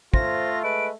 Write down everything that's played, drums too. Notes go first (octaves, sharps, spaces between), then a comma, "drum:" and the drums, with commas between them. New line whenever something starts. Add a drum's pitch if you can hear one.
A3 F4 C5 A#6, drum: kick
G#3 B4 D7